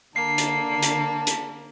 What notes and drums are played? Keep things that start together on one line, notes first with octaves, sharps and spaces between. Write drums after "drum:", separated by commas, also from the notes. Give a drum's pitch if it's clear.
D3 A#3 A5 C7
drum: hi-hat
drum: hi-hat
drum: hi-hat